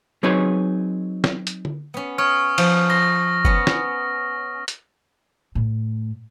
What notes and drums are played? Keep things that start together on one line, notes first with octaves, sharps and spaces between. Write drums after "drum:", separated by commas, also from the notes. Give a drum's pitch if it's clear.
F#3 C4 D#4 G#4 B4 C#5
drum: snare
drum: hi-hat
drum: tom
B3 C#4
C#5 C#6 D#6 F6
F3, drum: cymbal
C6 A#6
B3 C#4, drum: kick F#1
drum: snare
drum: hi-hat
A2